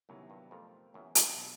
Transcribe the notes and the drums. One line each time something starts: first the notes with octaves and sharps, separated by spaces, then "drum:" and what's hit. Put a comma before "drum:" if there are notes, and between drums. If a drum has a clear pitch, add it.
F#2 C3 D#3 F#3 B3 E4
G2
F2 A3 C4 F4 A#4
F#2 E3 G#3 B3 E4
G2, drum: hi-hat
B2 F#3 B3